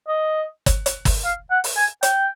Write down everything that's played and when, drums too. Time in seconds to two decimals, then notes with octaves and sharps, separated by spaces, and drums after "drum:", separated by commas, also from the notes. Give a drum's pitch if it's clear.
0.08 D#5
0.66 drum: kick, hi-hat
0.86 drum: hi-hat
1.05 drum: kick, open hi-hat
1.25 F5
1.51 F#5
1.64 drum: open hi-hat
1.77 G#5
2.03 G5, drum: hi-hat